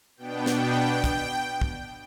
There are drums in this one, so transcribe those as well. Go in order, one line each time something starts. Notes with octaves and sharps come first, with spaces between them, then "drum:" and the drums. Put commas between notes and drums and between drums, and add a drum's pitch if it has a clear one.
B2 B3 D4 G5
drum: snare
drum: kick, hi-hat
drum: kick